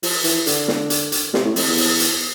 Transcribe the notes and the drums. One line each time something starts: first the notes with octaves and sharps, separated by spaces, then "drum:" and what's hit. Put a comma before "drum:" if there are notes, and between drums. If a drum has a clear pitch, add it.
F3, drum: open hi-hat
E3, drum: hi-hat
D3, drum: hi-hat
drum: snare
drum: hi-hat
drum: hi-hat
C3, drum: snare
A2
F2, drum: open hi-hat
E2
drum: open hi-hat
drum: hi-hat